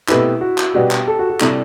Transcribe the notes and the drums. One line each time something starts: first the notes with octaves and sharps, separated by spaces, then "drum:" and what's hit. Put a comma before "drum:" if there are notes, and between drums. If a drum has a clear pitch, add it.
B2 A3 C4 E4 G4 B4, drum: clap
F#4
drum: clap
B2 G3 B3 D4 F#4 G4
drum: clap
A4
F#4
F#4
C3 G3 D4 E4 A4, drum: clap